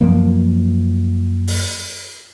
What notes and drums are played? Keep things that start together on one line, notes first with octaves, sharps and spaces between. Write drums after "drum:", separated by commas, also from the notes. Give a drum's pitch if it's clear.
F#2 F3 F#3 A#3
drum: open hi-hat